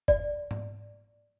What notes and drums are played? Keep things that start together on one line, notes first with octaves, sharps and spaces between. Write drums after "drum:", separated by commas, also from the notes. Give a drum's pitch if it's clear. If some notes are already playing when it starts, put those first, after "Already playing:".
D5, drum: kick
drum: tom G#2